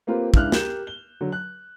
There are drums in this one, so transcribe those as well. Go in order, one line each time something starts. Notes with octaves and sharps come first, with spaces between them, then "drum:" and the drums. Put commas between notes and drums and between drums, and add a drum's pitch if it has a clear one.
A#3 C4 F4 G4 A#4 B4
C#2 D4 E4 F6 F#6, drum: kick
G4 A#4 G6 E7, drum: snare
G7
D3 F#3
F#6